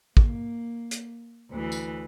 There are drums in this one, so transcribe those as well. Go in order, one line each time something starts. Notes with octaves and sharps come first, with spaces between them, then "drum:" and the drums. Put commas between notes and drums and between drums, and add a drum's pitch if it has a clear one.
A#3, drum: kick
drum: hi-hat
D2 E3
drum: tambourine